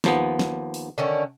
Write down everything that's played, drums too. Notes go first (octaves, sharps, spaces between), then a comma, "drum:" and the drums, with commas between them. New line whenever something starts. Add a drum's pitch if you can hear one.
D#2 F3 B3, drum: snare
drum: snare
drum: open hi-hat
D3 D#3 C#4